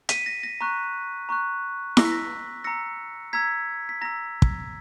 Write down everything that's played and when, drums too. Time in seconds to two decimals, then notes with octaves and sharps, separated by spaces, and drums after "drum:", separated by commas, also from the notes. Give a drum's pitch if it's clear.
0.09 B6 D#7, drum: hi-hat
0.26 A#6
0.43 A#6
0.61 A#5 C#6 F#6
1.29 A#5 C#6 F#6
1.97 A#5 E6 A#6, drum: snare E4
2.05 B6
2.12 A#6
2.64 A#5 E6 A#6 C#7
3.33 A#5 E6 G#6 B6
3.89 B6
4.01 A#5 E6 A#6
4.42 drum: kick